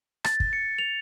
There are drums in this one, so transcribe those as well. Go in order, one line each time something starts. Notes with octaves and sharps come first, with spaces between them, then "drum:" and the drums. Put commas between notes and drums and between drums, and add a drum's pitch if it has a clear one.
A6, drum: rim click
drum: kick
C#7
F7